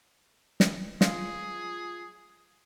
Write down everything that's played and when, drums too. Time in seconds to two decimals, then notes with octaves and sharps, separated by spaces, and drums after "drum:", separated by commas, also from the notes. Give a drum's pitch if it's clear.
0.60 drum: snare
1.01 F4 G#4, drum: snare